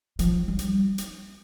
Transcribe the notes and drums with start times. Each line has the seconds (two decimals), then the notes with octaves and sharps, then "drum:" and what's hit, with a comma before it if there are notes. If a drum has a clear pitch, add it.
0.19 F3, drum: hi-hat
0.48 G3
0.59 drum: hi-hat
0.98 drum: hi-hat